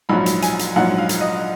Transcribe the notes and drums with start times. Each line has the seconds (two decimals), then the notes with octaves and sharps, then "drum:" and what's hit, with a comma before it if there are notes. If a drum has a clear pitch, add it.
0.09 A#1 G#2 F#3 B5
0.26 drum: hi-hat
0.42 G#5, drum: hi-hat
0.59 drum: hi-hat
0.76 A#1 G#2 F#3 F#5
0.98 F5
1.09 drum: hi-hat
1.21 D#5